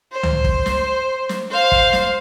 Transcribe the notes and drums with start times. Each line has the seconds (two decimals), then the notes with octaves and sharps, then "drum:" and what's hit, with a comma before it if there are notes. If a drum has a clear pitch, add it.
0.12 C5
0.23 drum: tom C#2
0.44 drum: kick
0.66 drum: snare
1.29 drum: snare
1.50 C5 F5
1.72 drum: kick
1.93 drum: snare